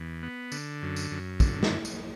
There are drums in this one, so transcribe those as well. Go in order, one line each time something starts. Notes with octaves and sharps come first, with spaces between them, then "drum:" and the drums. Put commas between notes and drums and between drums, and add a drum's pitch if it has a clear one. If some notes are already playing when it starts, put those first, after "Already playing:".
Already playing: E2
B3
D3, drum: tambourine
F#2
drum: tambourine
F#2
D3, drum: kick, tambourine
drum: snare
drum: tambourine